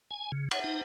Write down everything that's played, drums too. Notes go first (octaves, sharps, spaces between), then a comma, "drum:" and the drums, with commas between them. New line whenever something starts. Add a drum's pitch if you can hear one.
G#5
C#3
C#5, drum: cymbal
D#4